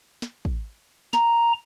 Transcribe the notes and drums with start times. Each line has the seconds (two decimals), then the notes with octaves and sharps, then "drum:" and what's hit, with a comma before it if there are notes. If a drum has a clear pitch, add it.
0.22 drum: snare
0.45 drum: kick
1.13 A#5, drum: snare